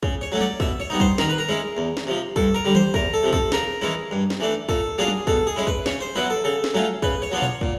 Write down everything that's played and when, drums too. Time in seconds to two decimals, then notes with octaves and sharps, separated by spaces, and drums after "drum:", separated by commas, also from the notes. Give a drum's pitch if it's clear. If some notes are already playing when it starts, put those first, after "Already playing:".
0.03 C#3, drum: kick
0.21 C#5
0.32 F#3 A3 C#4
0.41 D5, drum: tom
0.60 B2 E5, drum: kick
0.80 C#5
0.90 G3 B3 D#4
1.00 C5, drum: kick
1.18 D#3 A#4, drum: snare
1.30 B4
1.38 A#4
1.49 G#3 C#4 E4
1.77 E2
1.97 drum: snare
2.07 C3 F3
2.36 G2 A4, drum: kick
2.55 A#4
2.65 D3 G3
2.75 C5, drum: tom D#3
2.94 E2 A#4, drum: kick
3.14 A4
3.23 C3 F3
3.33 A4, drum: kick
3.52 C#3 A#4, drum: snare
3.81 E3 G#3 C#4 E4
4.11 G2
4.30 drum: snare
4.40 E3 A3 D4
4.69 A#2 A4, drum: kick
4.98 F#3 A#3 D4 F4 G#4
5.08 drum: tom
5.27 B2 A4, drum: kick
5.47 G#4
5.56 G#3 C#4 E4
5.67 B4, drum: kick
5.86 C#3 C#5, drum: snare
6.00 C5
6.15 F#3 B3 E4 B4
6.30 A4
6.44 C#3 A4
6.64 drum: snare
6.74 F#3 A3 C#4 F4
7.02 C#3 B4, drum: kick
7.22 C#5
7.32 F#3 B3 D4 F4
7.42 C#5, drum: tom A#2
7.61 A#2, drum: kick